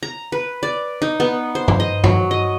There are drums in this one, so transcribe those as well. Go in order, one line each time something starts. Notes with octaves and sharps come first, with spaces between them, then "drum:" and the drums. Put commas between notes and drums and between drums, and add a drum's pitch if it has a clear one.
A#5
B4
D5
D#4
B3
C5
drum: tom G2
D#5
F#3, drum: tom G2
D#5